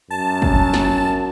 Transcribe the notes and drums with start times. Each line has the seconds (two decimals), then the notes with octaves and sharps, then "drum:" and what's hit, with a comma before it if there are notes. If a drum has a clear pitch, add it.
0.10 F#2 A5
0.42 drum: kick
0.74 drum: snare